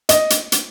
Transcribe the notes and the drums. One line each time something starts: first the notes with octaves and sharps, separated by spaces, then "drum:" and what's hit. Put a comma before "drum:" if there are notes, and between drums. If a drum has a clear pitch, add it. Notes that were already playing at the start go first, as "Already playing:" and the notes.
D#5, drum: hi-hat
drum: hi-hat
drum: hi-hat